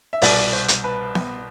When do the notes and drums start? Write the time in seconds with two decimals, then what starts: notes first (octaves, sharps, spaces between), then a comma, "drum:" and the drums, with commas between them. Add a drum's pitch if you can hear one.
0.13 E5
0.22 C2 B2 G3 D5, drum: open hi-hat
0.53 C5
0.68 drum: hi-hat
0.84 B4
1.15 drum: snare B3